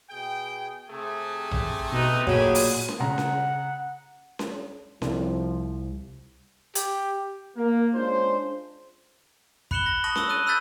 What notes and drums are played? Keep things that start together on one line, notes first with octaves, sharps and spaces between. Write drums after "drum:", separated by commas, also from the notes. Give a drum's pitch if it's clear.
B2 G#4 G5
C3 A3 G#4
drum: tom A#1
B2 D#4 B4
A#2 F#3 A3 D#4 G4 G#4 B5, drum: kick
drum: open hi-hat
drum: snare C#4
C#3 F#5 A#5
drum: snare C#4
drum: snare C#4
C2 F3, drum: snare C#4
G4, drum: hi-hat
A#3
G#3 C#4 D4 F4 C5
B5 F#6 C#7 E7 F#7 G7, drum: kick
A#6
A5 C#6 D#6 A#6 E7 F#7
C#6 D#6 E6, drum: snare C#4
D#6 F#6 A6 D#7
B5 E6 F#6 G6 A6 B6